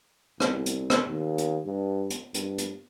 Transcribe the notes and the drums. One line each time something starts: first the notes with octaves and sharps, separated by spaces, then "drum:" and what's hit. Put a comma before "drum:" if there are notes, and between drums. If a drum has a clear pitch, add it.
C2, drum: rim click
drum: hi-hat
drum: rim click
D#2
drum: hi-hat
G2
drum: hi-hat
G2, drum: hi-hat
drum: hi-hat